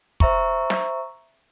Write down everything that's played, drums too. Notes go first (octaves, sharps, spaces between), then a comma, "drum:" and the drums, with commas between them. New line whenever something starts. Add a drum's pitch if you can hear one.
C5 E5 A#5 C#6, drum: kick
drum: snare